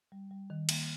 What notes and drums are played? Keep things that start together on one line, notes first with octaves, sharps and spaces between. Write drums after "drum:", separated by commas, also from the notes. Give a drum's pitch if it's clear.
G3
G3
D#3
A#3, drum: cymbal